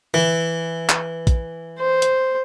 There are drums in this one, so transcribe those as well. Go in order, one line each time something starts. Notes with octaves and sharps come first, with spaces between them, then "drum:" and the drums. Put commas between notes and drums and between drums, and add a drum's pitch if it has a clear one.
E3
drum: clap
drum: kick, hi-hat
C5
drum: hi-hat